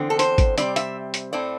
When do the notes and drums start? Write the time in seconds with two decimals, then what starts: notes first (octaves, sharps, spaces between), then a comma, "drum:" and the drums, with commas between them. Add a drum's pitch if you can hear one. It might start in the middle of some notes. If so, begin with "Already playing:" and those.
Already playing: E2 D3 C4
0.10 A4
0.19 C5, drum: hi-hat
0.38 drum: kick, hi-hat
0.58 C3 G3 C4 D5, drum: hi-hat
0.76 E5, drum: hi-hat
1.14 drum: hi-hat
1.33 A2 A3 C4 D5